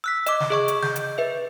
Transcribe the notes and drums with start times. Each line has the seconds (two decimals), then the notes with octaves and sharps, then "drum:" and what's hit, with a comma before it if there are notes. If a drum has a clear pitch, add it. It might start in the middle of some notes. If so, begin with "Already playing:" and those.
0.04 E6 F#6 B6
0.27 D#5 D6, drum: hi-hat
0.40 drum: snare
0.50 G#4 D#5 C#6
0.68 drum: hi-hat
0.83 G6, drum: snare
0.96 drum: hi-hat
1.18 B4 E5